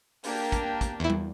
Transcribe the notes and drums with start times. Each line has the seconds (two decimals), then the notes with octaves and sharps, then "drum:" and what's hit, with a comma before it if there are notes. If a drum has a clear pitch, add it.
0.24 A#3 D4 G4, drum: open hi-hat
0.52 drum: kick, hi-hat
0.81 drum: kick, hi-hat
1.00 E2 E4
1.10 drum: tom G3